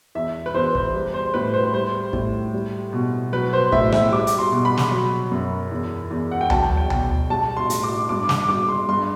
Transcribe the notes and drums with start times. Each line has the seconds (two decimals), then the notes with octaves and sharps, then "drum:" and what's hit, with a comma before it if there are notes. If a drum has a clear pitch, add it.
0.15 E2 E5
0.46 B4
0.54 E2 C5
0.75 C5, drum: kick
0.94 G3
1.14 C5
1.34 A2 B4
1.54 C5
1.74 G3 C5
2.13 A2, drum: kick
2.53 G3
2.93 B2
3.33 F#3 B4
3.53 C5
3.72 A2 E5, drum: kick
3.92 E5, drum: rim click
4.12 G3 D6
4.27 drum: hi-hat
4.39 C6
4.52 B2
4.65 B5
4.77 drum: snare
4.91 F#3
5.31 F#2
5.72 E2
6.11 E2
6.31 F#5
6.41 G5
6.50 F#3 A5, drum: tom D2
6.77 G5
6.90 B2, drum: tom D2
7.29 G3 A5
7.57 C6
7.70 A2, drum: hi-hat
7.83 D6
8.09 G2 D6
8.29 D6, drum: snare
8.48 G2 D6
8.69 C6
8.88 G2 C6